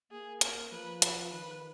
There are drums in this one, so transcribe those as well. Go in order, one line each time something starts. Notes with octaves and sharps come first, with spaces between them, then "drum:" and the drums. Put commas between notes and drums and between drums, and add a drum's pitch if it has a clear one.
A#3 G#4
A#4, drum: hi-hat
F3 B4
B4, drum: hi-hat
D#3 B4